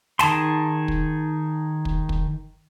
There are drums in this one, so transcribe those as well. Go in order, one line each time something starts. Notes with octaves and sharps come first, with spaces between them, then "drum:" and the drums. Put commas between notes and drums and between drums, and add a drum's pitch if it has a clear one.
D#3 G#4 A5 C6, drum: snare
drum: kick
drum: kick
drum: kick